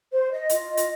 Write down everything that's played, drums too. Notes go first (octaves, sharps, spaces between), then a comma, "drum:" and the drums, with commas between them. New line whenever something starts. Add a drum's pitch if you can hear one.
C5
D#5
F4, drum: hi-hat
D#5
drum: hi-hat